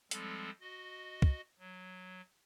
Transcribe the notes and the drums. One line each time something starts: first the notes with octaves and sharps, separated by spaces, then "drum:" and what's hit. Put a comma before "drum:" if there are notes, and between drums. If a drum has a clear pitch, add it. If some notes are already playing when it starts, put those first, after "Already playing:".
F3 G3 G#3 C4 A4, drum: hi-hat
F#4 D#5
drum: kick
F#3